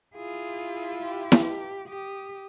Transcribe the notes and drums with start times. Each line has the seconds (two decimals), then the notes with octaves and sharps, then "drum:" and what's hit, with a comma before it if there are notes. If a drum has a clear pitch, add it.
0.16 E4 F4 G#4
1.03 G4
1.32 drum: snare E4
1.88 G4 D#6